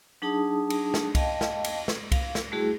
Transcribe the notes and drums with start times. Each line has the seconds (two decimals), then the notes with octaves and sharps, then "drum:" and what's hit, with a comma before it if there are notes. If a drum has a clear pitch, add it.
0.22 F#3 D4 D#4 G#4 A5 D#6
0.70 drum: cymbal
0.94 drum: snare
1.15 D#5 F5 G5 A5, drum: kick C2, cymbal
1.41 drum: snare
1.64 drum: cymbal
1.88 drum: snare
2.12 F5, drum: kick C2, cymbal
2.35 drum: snare
2.52 G3 A3 E4 F#4 G#4